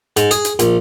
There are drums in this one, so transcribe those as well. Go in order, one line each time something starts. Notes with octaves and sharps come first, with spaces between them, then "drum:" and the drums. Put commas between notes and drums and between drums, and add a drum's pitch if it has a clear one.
G#2, drum: hi-hat
G#4, drum: hi-hat
drum: hi-hat
A#1, drum: hi-hat